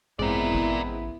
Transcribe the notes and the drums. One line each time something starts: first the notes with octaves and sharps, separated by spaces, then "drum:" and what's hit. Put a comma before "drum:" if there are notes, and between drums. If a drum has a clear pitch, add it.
A1 G#3 B3 C4 E4 A#4 D5, drum: tom G2
drum: kick G#1